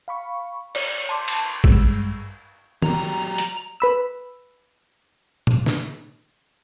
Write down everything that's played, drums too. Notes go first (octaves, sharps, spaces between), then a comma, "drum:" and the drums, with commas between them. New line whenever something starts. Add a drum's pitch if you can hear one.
F5 B5 C#6
C#5 D5, drum: cymbal
A5 C6 D6
drum: cymbal
G2 G3 G#3 E6, drum: kick
F#3 G4 A#5, drum: tom
drum: hi-hat
B4 B5 E6
drum: tom A#2
drum: snare